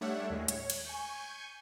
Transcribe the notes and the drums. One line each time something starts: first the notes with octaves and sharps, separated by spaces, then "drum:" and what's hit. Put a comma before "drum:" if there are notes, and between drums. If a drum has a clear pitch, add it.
G3 A3 D4 C#5 E5 F#5
D#2 A2 G#3
C#5, drum: hi-hat
drum: cymbal
G#5 C#6 G6